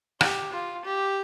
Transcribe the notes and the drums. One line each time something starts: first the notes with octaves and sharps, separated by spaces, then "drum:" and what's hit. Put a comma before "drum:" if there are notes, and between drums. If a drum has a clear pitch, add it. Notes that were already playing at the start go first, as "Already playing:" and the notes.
G4, drum: rim click
F4
G4